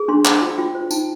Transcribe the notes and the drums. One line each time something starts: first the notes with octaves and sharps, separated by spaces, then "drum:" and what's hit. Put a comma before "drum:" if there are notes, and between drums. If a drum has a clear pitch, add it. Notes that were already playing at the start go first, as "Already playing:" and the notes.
Already playing: G#4
D4 C6
C5 D6, drum: clap
F4
F4 G5
C5
D#4 G5, drum: tambourine